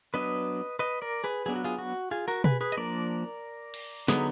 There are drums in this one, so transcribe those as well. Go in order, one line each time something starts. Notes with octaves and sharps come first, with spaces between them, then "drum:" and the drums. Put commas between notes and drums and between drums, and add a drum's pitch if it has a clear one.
F#3 B3 D4 B4 D#5
B4 D#5
A#4 D5
G#4 B4
F#3 B3 D4 G#4
F#4
F4 G#4
F#4
F4 G#4
F#4 A#4
G#4 B4, drum: tom B2
G#4 B4
D#5, drum: hi-hat
F3 A#3 D4 A#4 D5
drum: cymbal
D3 F#3 B3 D#4 G#4 B4, drum: snare